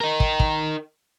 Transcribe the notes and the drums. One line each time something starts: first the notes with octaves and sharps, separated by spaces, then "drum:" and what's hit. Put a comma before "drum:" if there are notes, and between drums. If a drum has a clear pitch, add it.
D#4 A#4
drum: kick
drum: kick